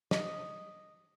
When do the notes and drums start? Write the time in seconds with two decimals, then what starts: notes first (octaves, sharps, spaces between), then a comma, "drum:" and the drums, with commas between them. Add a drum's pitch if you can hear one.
0.11 D#5, drum: snare